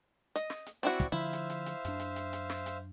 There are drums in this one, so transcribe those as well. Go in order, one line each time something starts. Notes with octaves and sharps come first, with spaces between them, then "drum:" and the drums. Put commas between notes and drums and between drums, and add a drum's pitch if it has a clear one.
D#5, drum: hi-hat
drum: snare
drum: hi-hat
C4 E4 F#4 D5 C#6, drum: hi-hat
drum: kick, hi-hat
D3 F3 E4 C5 E5 F5
drum: hi-hat
drum: hi-hat
drum: hi-hat
F#2 D4, drum: hi-hat
drum: hi-hat
drum: hi-hat
drum: hi-hat
drum: snare
drum: hi-hat